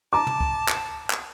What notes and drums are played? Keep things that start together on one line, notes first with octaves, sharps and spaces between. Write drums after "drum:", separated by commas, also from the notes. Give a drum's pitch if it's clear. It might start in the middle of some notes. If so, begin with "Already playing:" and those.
A5 A#5 D6
drum: tom
drum: kick C#2
drum: clap
drum: clap